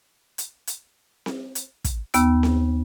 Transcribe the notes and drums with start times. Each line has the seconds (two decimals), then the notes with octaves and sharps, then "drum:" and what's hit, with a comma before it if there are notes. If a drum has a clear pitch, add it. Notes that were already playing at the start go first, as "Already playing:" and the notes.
0.38 drum: hi-hat
0.67 drum: hi-hat
1.26 drum: snare C4
1.55 drum: hi-hat
1.85 drum: kick, hi-hat
2.14 D#2 B3 E6, drum: hi-hat
2.43 drum: snare C4